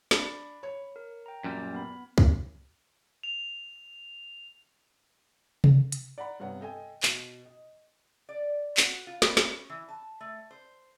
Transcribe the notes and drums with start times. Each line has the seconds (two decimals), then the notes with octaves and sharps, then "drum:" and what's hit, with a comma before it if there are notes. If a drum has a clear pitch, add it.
0.11 D4 B5, drum: snare
0.63 C#5
0.96 A#4
1.26 G5 A#5
1.44 F#2 A#2 G3
1.74 B3 B5
2.18 drum: kick C2
3.23 F7
5.64 drum: tom C3
5.92 drum: hi-hat
6.18 D5 F#5 A#5 B5
6.40 G2 C3 B3 C#5 F#5
6.61 A4 D#5 G5 G#5
7.03 B2, drum: clap
7.45 D#5
8.29 D5
8.77 F#4, drum: clap
9.07 F4
9.22 B4, drum: snare
9.37 C#4, drum: snare
9.69 E3
9.89 A5
10.20 A3
10.51 C5